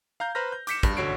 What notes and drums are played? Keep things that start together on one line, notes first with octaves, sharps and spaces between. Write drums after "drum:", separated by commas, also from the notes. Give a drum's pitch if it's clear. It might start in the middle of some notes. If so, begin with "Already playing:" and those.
F5 A#5 G6
B4 C5 A#5 B5 F6 A#6
G6
D6 G6 B6 C#7 E7, drum: hi-hat
G2, drum: kick, hi-hat
A1 D3 F#4 C#5 C7 D7